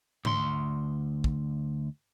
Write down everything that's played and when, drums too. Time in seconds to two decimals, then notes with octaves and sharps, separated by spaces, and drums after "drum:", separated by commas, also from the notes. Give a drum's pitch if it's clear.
0.25 D2 C6, drum: tom G#2
1.24 drum: kick